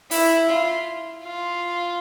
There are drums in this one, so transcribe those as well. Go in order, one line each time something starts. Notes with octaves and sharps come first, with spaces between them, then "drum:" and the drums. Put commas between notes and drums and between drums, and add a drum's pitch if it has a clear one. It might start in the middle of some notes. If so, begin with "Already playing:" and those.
E4, drum: open hi-hat
F4
F4